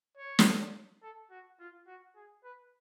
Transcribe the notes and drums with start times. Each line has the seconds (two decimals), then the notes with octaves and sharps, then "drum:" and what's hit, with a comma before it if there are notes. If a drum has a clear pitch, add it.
0.18 C#5
0.39 drum: snare
1.02 A4
1.31 F#4
1.60 F4
1.87 F#4
2.16 G#4
2.44 B4